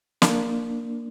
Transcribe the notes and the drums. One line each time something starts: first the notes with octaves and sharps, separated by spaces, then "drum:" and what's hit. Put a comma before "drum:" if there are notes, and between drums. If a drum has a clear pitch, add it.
A#3 D4, drum: snare